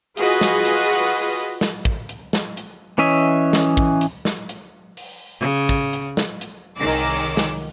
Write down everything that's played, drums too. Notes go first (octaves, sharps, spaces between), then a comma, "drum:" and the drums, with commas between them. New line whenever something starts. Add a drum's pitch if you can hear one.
F4 F#4 G#4 B4 D#5, drum: hi-hat
drum: snare
drum: hi-hat
drum: open hi-hat
drum: snare
drum: kick
drum: hi-hat
drum: snare
drum: hi-hat
E3 C#4 C#5 D#5 E5
drum: snare
drum: kick
drum: hi-hat
drum: snare
drum: hi-hat
drum: open hi-hat
C#3
drum: kick
drum: hi-hat
drum: snare
drum: hi-hat
C2 D#3 G#4 C#5 D6 E6
drum: open hi-hat
drum: snare